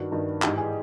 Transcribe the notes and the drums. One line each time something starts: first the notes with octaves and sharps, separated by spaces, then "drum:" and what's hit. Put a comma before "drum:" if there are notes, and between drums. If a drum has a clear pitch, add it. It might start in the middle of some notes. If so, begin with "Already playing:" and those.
Already playing: G2 D#3 F#4
G2 D#3
G#2 E3 G4, drum: clap
G#4